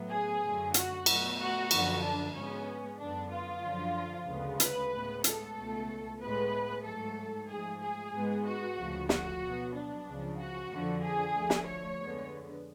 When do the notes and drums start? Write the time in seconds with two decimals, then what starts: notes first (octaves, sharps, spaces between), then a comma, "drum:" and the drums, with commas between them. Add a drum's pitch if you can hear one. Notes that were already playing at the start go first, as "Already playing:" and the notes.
Already playing: A2 F#3 B3
0.10 G#4
0.42 F#2 D3 F#3 A3
0.74 F#4, drum: hi-hat
1.06 B2 F#3 A3, drum: cymbal
1.38 F#4
1.71 F#2 D3 F3, drum: cymbal
2.03 D4
2.34 G#2 G#3 B3 C#4
2.99 F#2 D3 F#3 B3 D4
3.31 F4
3.63 F#2 D3 F3
4.27 D2 C#3 G#3 B3
4.60 B4, drum: hi-hat
4.92 A2 G#3 B3
5.24 A4, drum: hi-hat
5.56 C#2 B2 A3
6.20 A2 G#3 B3 B4
6.85 G#2 F#3 A3 A4
7.49 G#2 F3 A3 G#4
7.81 G#4
8.13 G#2 G#3 B3
8.45 F#4
8.77 D2 C#3 F3
9.09 F#4, drum: snare
9.41 B2 F#3 B3
9.74 D4
10.06 C#2 C#3 F3
10.38 F#4
10.70 F2 D3 F3
11.02 G#4
11.34 D2 D3 F3 A3
11.50 drum: snare
11.67 C#5
11.99 F2 D3 G#3 B3